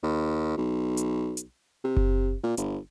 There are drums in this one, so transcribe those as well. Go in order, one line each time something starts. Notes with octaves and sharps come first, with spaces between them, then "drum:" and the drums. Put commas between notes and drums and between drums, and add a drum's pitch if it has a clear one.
D#2
B1
drum: hi-hat
drum: hi-hat
C3
drum: kick F#1
A#2
G1, drum: hi-hat